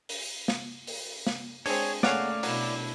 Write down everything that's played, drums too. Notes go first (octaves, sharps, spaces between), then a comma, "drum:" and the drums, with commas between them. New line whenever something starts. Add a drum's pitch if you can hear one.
drum: open hi-hat
drum: snare
drum: open hi-hat
drum: snare
G#3 C4 D4 G#4 C#5, drum: open hi-hat
A3 A#3 C#4 G#4 C#5 D5 F5 F#5, drum: snare
B2 F#3 D4 E4, drum: open hi-hat